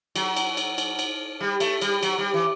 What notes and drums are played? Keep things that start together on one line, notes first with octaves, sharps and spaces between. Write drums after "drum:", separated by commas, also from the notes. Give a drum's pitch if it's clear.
F#3, drum: cymbal
drum: cymbal
drum: cymbal
drum: cymbal
drum: cymbal
G3
A3, drum: cymbal
G3, drum: cymbal
F#3, drum: cymbal
G3
E3